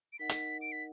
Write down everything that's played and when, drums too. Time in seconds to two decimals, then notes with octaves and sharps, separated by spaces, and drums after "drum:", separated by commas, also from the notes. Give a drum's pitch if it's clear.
0.13 D7
0.19 D#4 A#4 D#5 F#5 B6
0.29 drum: hi-hat
0.61 D7
0.72 B6